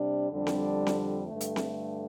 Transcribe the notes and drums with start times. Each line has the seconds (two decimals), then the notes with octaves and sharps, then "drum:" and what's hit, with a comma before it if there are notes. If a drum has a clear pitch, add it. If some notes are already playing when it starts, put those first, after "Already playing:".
Already playing: C3 G3 D4
0.30 F2 D3 G3 D4
0.47 drum: snare C4
0.87 drum: snare C4
1.27 G2 D3 A3
1.41 drum: hi-hat
1.56 drum: snare C4